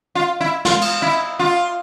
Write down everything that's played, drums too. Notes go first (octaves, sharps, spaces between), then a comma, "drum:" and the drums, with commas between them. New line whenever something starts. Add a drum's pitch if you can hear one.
F4
E4
F4, drum: snare
drum: cymbal
E4
F4